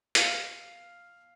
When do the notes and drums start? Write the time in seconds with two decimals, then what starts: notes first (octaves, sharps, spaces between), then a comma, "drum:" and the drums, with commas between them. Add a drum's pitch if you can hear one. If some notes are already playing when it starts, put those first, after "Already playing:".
0.15 F5, drum: hi-hat